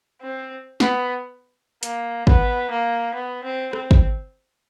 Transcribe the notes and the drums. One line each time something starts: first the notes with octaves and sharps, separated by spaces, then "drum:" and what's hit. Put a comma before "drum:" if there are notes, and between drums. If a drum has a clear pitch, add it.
C4
B3, drum: snare
A#3, drum: hi-hat
B3, drum: kick
A#3
B3
C4
C4, drum: rim click
drum: kick